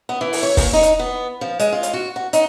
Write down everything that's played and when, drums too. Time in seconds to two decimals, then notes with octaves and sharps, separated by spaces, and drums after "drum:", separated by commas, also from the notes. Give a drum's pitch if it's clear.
0.09 B3
0.21 E3
0.33 drum: open hi-hat
0.43 C#5
0.57 A#2, drum: kick, open hi-hat
0.73 D#4
0.83 drum: hi-hat
0.99 B3
1.41 F3
1.59 G#3, drum: hi-hat
1.72 F4
1.83 drum: hi-hat
1.94 F#4
2.16 F#4
2.33 D#4, drum: hi-hat